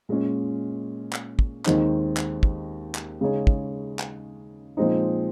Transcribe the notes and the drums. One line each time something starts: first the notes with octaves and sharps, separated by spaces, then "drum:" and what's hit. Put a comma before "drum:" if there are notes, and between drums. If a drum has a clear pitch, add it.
A#2 G#3 C#4
drum: clap
drum: kick
D#2 D#3 G#3 C4 D#4, drum: clap
drum: clap
drum: kick
drum: clap
C#3 G#3 D#4 G#4 C#5
drum: kick
drum: clap
A#2 F3 G#3 C4 D#4